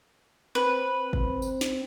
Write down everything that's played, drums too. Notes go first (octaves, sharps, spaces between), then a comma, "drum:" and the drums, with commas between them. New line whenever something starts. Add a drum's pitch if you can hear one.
C4 B4
drum: kick
drum: tambourine
drum: snare